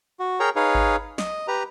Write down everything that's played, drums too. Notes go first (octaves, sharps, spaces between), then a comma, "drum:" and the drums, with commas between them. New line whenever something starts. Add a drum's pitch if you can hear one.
F#4
G#4 A#4 C#5 G5 A#5
D#4 G#4 B4 C#5 F5
drum: kick G#1
D#5, drum: snare
G4 B4 A#5